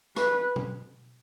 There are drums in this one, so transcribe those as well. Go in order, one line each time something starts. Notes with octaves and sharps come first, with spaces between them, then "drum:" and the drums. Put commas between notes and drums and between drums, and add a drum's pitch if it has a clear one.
B4, drum: rim click
drum: tom B2